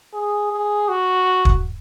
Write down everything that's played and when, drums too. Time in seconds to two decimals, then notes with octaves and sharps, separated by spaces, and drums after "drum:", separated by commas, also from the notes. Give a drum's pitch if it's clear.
0.13 G#4
0.52 G#4
0.89 F#4
1.45 drum: kick